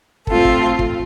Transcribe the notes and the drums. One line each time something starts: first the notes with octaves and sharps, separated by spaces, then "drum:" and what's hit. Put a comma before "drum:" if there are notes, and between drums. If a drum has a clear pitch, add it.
A3 C4 F4 A4, drum: kick
drum: kick
drum: kick